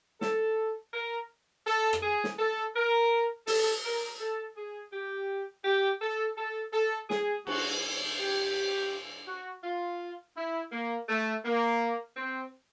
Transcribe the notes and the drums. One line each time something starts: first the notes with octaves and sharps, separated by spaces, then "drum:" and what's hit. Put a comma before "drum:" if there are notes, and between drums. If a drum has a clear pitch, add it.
A4, drum: snare
A#4
A4
drum: rim click
G#4
drum: snare
A4
A#4
A4, drum: open hi-hat
A#4
A4
G#4
G4
G4
A4
A4
A4
G#4, drum: snare
F#4, drum: cymbal
G4
F#4
F4
E4
A#3
A3
A#3
C4